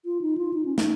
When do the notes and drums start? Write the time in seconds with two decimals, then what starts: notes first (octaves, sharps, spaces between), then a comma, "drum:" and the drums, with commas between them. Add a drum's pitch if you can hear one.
0.05 F4
0.21 D#4
0.38 F4
0.53 D#4
0.65 C#4
0.78 D#4, drum: snare